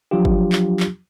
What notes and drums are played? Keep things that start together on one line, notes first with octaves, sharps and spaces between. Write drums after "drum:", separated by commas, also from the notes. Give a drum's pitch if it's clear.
F3 F#3 D4 F4 G4
drum: kick G1
drum: clap
drum: clap